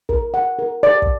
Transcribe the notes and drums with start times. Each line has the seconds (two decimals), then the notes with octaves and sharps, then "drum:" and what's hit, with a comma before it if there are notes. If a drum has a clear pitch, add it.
0.09 A#4, drum: kick
0.34 F#5
0.59 A#4
0.83 D5
1.02 drum: kick